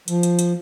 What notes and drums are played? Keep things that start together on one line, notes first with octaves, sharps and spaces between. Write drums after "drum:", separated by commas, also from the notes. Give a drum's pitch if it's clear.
F3, drum: hi-hat
drum: hi-hat
drum: hi-hat